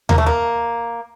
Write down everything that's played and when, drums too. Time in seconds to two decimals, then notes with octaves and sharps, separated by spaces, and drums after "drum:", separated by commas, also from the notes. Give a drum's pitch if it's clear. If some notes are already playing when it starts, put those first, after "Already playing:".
0.09 A#3, drum: tom D#2
0.18 A3
0.26 A#3